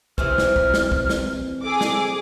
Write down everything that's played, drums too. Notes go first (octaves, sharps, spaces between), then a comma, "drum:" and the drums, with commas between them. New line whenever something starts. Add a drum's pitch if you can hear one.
C3 E3 C4 F6, drum: kick
drum: snare
drum: kick
drum: snare
drum: kick
drum: snare
G#4 A4 D6
drum: snare